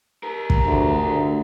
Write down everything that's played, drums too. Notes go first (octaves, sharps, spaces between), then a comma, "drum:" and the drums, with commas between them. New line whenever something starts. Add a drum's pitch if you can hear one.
G4 A#4
drum: kick
D2
D2